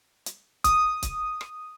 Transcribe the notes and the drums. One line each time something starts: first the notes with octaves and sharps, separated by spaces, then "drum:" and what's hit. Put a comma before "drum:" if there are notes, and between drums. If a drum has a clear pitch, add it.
drum: hi-hat
D#6, drum: kick, hi-hat
drum: kick, hi-hat
drum: rim click